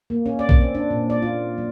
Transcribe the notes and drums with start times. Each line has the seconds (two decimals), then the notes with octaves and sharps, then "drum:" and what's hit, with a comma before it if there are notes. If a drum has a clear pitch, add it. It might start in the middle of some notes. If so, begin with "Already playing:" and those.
0.10 A#3
0.26 C#4
0.39 D5
0.49 drum: kick A#1
0.61 C4
0.75 D4
0.90 A#2
1.10 D5
1.22 F4
1.58 F#3